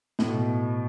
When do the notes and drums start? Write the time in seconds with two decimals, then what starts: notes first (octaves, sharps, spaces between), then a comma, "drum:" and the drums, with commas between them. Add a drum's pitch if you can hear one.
0.19 A2, drum: snare
0.29 B2